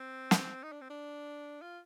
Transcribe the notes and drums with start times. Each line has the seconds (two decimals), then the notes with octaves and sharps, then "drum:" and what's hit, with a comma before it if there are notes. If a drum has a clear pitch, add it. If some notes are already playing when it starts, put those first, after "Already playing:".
Already playing: C4
0.31 drum: snare
0.63 D#4
0.72 D4
0.81 C4
0.90 D4
1.62 F4